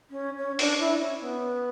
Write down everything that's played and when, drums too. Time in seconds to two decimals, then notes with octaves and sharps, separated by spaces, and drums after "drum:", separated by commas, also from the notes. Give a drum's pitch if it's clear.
0.10 C#4
0.37 C#4
0.59 D4, drum: open hi-hat
0.79 E4
1.00 C#4
1.21 B3